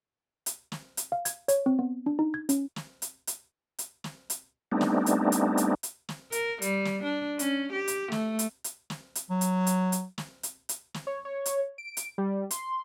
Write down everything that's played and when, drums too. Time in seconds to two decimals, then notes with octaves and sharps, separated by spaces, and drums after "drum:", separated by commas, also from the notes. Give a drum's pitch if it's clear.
0.46 drum: hi-hat
0.72 drum: snare
0.97 drum: hi-hat
1.12 F5
1.25 G#6, drum: hi-hat
1.48 C#5, drum: hi-hat
1.66 C4
1.79 B3
2.06 D4
2.19 D#4
2.34 G#6
2.49 C#4, drum: hi-hat
2.76 drum: snare
3.02 drum: hi-hat
3.27 drum: hi-hat
3.79 drum: hi-hat
4.04 drum: snare
4.30 drum: hi-hat
4.72 G3 A3 B3 C4 D4 D#4
4.81 drum: snare
5.06 drum: hi-hat
5.32 drum: hi-hat
5.57 drum: hi-hat
5.83 drum: hi-hat
6.09 drum: snare
6.32 A#4, drum: hi-hat
6.62 G3, drum: hi-hat
6.85 drum: snare
7.03 D4
7.39 C#4, drum: hi-hat
7.73 G4
7.88 drum: hi-hat
8.12 A3, drum: snare
8.39 drum: hi-hat
8.64 drum: hi-hat
8.90 drum: snare
9.15 drum: hi-hat
9.30 F#3
9.41 drum: hi-hat
9.67 drum: hi-hat
9.92 drum: hi-hat
10.18 drum: snare
10.43 drum: hi-hat
10.69 drum: hi-hat
10.94 drum: snare
11.07 C#5
11.25 C#5
11.46 drum: hi-hat
11.78 D7
11.97 drum: hi-hat
12.18 G3
12.51 C6, drum: hi-hat